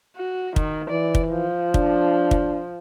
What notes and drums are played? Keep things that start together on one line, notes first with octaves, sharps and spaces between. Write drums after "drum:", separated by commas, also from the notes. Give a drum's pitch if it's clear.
F#4
D#3, drum: kick
E3 D5
drum: kick
F3
D4, drum: kick
drum: kick